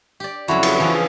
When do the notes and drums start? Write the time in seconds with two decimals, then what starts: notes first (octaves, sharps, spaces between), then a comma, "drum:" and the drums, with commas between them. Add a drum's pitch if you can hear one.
0.20 G4 D5
0.48 F2 C#3 F#3 E4 F#4
0.63 drum: cymbal
0.80 E3 F3 C#4
0.94 G#4